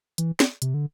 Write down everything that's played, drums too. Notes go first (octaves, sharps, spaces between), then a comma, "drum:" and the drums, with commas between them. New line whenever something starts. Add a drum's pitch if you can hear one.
E3, drum: hi-hat
drum: snare
C3, drum: hi-hat
D3